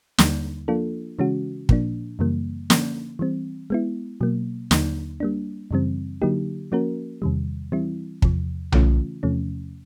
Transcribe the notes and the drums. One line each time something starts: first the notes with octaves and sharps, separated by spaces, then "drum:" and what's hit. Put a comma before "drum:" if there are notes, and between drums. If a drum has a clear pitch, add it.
D#2 D3 G3 A#3 D#4, drum: snare
F3 A#3 D4 F4 A4
C#3 E3 G#3 C#4 F#4
A#2 F3 A#3 D4, drum: kick
F#2 C#3 E3 G3 A#3
D3 F3 A#3 C#4, drum: snare
E3 G3 C4
G#3 B3 E4
B2 F#3 A#3
D#2 D3 F#3 A#3 D#4, drum: snare
G3 A#3 D4
F#2 C#3 E3 G3 C4
D3 F#3 A#3 D#4 G4
F3 A#3 C#4 F#4 A#4
E2 C3 D#3 G3
E3 G3 C4 E4
E2 C3 F3, drum: kick
C#3 E3 A3 C#4 F4, drum: tom B1
E2 C3 F3 A3 C#4